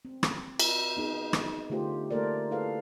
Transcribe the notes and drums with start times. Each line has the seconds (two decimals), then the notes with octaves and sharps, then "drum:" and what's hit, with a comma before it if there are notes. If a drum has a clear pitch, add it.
0.05 C4
0.23 drum: rim click
0.60 drum: cymbal
0.97 B3 D#4 G#4
1.33 drum: rim click
1.46 D#4
1.70 D3 A3 F4 G4 C5
2.11 A3 A#3 A4 A#4 C5 D5
2.51 E4 G#4 A4 B4 F5